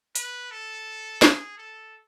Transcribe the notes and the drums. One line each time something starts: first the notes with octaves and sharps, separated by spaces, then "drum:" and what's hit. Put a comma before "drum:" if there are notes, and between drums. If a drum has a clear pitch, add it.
B4, drum: hi-hat
A4
G#4, drum: snare
A4